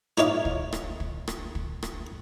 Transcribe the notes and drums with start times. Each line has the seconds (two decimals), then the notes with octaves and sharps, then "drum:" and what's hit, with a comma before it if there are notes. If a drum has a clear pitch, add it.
0.17 D#4 E4 C#5 F5, drum: rim click
0.45 drum: kick
0.73 drum: rim click
1.00 drum: kick
1.28 drum: rim click
1.55 drum: kick
1.83 drum: rim click